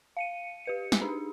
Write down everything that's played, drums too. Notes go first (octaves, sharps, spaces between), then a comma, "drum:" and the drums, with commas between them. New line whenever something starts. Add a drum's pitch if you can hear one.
F5 C#7 D#7
G4 B4 C#7
drum: snare
D4 D#4 G4 G#4